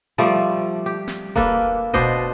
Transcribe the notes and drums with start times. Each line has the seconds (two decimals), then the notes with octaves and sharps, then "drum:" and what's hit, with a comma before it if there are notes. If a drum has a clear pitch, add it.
0.18 F3 G3 A3 D5
0.86 G4
1.08 drum: snare
1.36 A#3 D4 A4 B4, drum: kick D#1
1.94 B2 D4 C5 D#5, drum: kick D#1